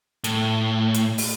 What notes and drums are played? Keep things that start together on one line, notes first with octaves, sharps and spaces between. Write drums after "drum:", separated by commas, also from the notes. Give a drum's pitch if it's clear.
A2, drum: hi-hat
drum: hi-hat
drum: open hi-hat